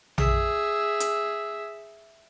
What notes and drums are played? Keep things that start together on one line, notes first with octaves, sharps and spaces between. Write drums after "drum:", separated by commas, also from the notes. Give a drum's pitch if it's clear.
G#4 E5, drum: tom A#1
drum: hi-hat